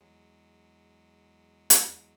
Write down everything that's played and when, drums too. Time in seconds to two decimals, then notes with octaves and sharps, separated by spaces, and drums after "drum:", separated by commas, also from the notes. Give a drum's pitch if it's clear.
0.01 E2 F#3 G#3
1.70 drum: hi-hat